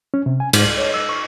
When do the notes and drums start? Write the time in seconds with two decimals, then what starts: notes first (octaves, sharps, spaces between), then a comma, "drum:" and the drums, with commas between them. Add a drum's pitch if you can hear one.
0.14 C#4
0.26 C3
0.40 G#5
0.53 G#2, drum: cymbal
0.65 C#2
0.78 C#5
0.94 E6
1.09 C#6